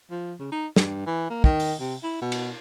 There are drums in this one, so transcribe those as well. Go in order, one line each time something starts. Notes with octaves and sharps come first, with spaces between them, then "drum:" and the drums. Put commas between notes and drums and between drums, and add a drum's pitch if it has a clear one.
F3
C#3
D#4
G2, drum: snare
E3
A#3
D#3, drum: kick
drum: open hi-hat
C3
E4
B2
drum: cymbal